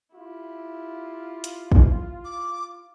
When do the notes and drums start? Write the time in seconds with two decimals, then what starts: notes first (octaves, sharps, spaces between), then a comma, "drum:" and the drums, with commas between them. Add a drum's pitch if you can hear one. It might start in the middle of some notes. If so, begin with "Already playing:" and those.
0.15 E4 F4 G4
1.44 drum: hi-hat
1.72 drum: kick
2.25 D6